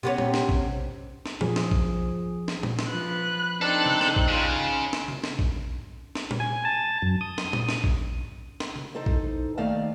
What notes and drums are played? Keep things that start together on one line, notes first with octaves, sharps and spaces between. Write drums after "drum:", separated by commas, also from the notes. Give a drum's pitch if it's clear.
C3 B3 C#4
drum: tom A#2
drum: snare
drum: kick A#1
drum: snare
F3 G#4, drum: tom A#2
drum: snare
drum: kick A#1
drum: snare
drum: tom A#2
drum: snare
F3 B4 F#6
C4 D4 D#4 A4 F#6
drum: tom C3
drum: snare
drum: kick A#1
C#3 F4
drum: snare
drum: tom C3
drum: snare
drum: kick A#1
drum: snare
drum: tom A#2
G#5
A5
F#2
D#6
drum: snare
drum: tom A#2
drum: snare
drum: kick A#1
drum: snare
drum: tom C3
D#4 A4 C5
drum: kick A#1
D#2 D#3 A3 D5 F5 A5